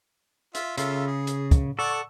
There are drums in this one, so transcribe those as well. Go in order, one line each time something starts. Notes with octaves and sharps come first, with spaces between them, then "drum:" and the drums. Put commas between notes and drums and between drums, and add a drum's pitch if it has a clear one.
F4 E5, drum: hi-hat
C#3 F4 A4 E5, drum: hi-hat
G#4
drum: hi-hat
drum: kick, hi-hat
A4 D5 F#5 C#6